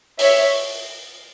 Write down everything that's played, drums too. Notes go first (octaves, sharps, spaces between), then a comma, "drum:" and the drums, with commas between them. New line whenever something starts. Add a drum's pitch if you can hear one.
C#5 E5, drum: open hi-hat